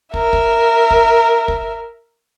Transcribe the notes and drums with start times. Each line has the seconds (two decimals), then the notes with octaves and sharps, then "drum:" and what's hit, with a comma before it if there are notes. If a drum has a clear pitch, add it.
0.14 A#4 E5, drum: kick
0.33 drum: kick
0.91 drum: kick
1.48 drum: kick